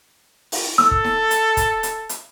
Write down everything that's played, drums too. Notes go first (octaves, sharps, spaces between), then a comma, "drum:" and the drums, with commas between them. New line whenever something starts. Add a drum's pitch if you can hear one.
drum: open hi-hat
A4 E6, drum: snare
drum: kick
drum: snare
drum: hi-hat
drum: kick, hi-hat
drum: hi-hat
drum: hi-hat